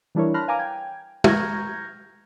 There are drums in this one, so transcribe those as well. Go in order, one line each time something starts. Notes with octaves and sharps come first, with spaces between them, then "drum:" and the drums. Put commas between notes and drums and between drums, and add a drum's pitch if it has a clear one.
E3 G3 D4 E4 A#4 C#5
A5 B5 C6 F6 F#6 A#6
B4 F5 G#5 A#5 D6 F6
G5 G#6
A#5 C#6 F6 G6 G#6 A#6, drum: tom